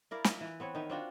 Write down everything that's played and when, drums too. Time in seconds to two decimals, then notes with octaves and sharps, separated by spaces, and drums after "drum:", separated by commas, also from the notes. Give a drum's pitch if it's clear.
0.11 E4 A#4 D5 F5
0.24 F4 A#4 D#5 E5, drum: snare
0.41 E3
0.60 B3 C4 C#5
0.75 D#3 D#4 E5
0.89 C4 D4 F4 F#4